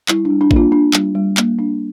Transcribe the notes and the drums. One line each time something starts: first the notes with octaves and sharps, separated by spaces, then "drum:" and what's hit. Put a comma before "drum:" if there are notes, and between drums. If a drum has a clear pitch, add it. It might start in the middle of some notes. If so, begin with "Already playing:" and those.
G3 E4, drum: clap
D4
G3
D4
A#3, drum: kick
D4 F4
D4
G3, drum: clap
G3
A#3, drum: clap
D4